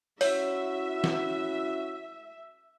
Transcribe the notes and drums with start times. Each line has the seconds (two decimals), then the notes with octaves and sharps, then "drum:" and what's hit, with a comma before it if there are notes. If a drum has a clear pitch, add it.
0.21 C#4 E4 F#4 C#5 E5, drum: open hi-hat
1.04 drum: snare